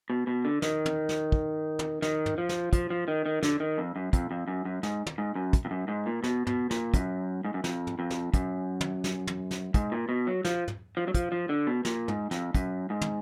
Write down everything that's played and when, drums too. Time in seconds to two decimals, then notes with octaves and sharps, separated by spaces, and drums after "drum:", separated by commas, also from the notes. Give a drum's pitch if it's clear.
0.10 B2
0.27 B2
0.45 D3
0.62 D#3, drum: snare
0.86 drum: tom
1.09 drum: snare
1.32 drum: kick
1.79 drum: tom
2.02 D#3, drum: snare
2.26 drum: tom
2.38 F3
2.49 drum: snare
2.73 F3, drum: kick, hi-hat
2.90 F3
3.08 D#3
3.26 D#3
3.43 D3, drum: snare
3.60 D#3
3.78 F2
3.96 F#2
4.13 F2, drum: kick, hi-hat
4.31 F2
4.48 F#2
4.65 F#2
4.83 G#2, drum: snare
5.06 drum: tom
5.18 G#2
5.35 F#2
5.53 drum: kick, hi-hat
5.65 F2
5.71 F#2
5.88 G#2
6.06 A#2
6.24 B2, drum: snare
6.47 B2, drum: tom
6.71 A#2, drum: snare
6.94 F#2, drum: kick, hi-hat
7.45 G#2
7.54 F#2
7.64 F2, drum: snare
7.87 drum: tom
7.99 F2
8.10 drum: snare
8.34 F#2, drum: kick, hi-hat
8.81 drum: tom
9.04 drum: snare
9.27 drum: tom
9.51 drum: snare
9.74 G#2, drum: kick, hi-hat
9.92 A#2
10.09 B2
10.27 F#3
10.45 F3, drum: snare
10.68 drum: tom
10.97 F3
11.08 F#3
11.14 F3, drum: kick, hi-hat
11.32 F3
11.49 D3
11.67 B2
11.85 A#2, drum: snare
12.08 G#2, drum: tom
12.31 F2, drum: snare
12.54 F#2, drum: kick, hi-hat
12.90 G#2
13.01 drum: tom